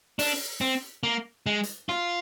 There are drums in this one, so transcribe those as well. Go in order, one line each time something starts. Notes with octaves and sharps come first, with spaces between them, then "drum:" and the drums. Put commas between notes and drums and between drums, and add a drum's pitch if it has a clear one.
D4, drum: open hi-hat
C4
A#3
G#3
drum: hi-hat
F4, drum: snare